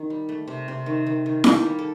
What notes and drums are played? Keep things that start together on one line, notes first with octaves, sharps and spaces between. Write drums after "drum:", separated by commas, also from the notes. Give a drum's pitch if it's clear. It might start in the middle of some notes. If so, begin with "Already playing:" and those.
Already playing: D#3
G3
A3
C3
C3
D#3
D#3
D#3
A#3 G4, drum: snare E4
G3
A4